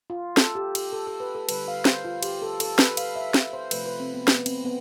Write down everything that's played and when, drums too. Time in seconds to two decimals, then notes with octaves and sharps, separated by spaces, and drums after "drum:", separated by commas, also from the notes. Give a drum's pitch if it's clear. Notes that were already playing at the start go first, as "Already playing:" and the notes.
0.10 F4
0.37 A4, drum: snare
0.55 G4
0.75 G4, drum: cymbal
0.92 A4
1.07 A4
1.20 B4
1.35 A4
1.49 D3 G3 B4, drum: cymbal
1.68 F5
1.85 C5, drum: snare
2.05 F4
2.23 G4, drum: cymbal
2.42 A4
2.60 A4, drum: cymbal
2.79 B4, drum: snare
2.97 F5, drum: cymbal
3.16 E5
3.34 drum: snare
3.53 C5
3.71 C3 F3 A3 B4, drum: cymbal
3.86 B4
4.00 C4
4.14 B3
4.28 B3, drum: snare
4.46 C4, drum: cymbal
4.65 B3